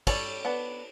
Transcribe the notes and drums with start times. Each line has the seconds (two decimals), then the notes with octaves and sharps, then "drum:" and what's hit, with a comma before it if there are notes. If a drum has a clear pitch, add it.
0.07 G3 A4 C#5, drum: kick, cymbal
0.45 B3 D4